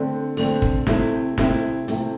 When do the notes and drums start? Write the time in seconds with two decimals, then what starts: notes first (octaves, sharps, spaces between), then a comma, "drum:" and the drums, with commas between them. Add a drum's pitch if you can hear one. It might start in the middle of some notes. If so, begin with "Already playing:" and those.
Already playing: D3 A3 C4
0.37 D3 A3 C4, drum: open hi-hat
0.62 drum: kick
0.87 C3 A3 C4 E4, drum: snare
1.38 C3 A3 C4 E4, drum: snare
1.88 C3 A3 C4 E4, drum: hi-hat